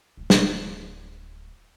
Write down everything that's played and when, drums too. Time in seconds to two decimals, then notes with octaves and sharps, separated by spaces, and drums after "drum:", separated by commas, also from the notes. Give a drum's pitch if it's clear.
0.17 D1 D2
0.30 drum: snare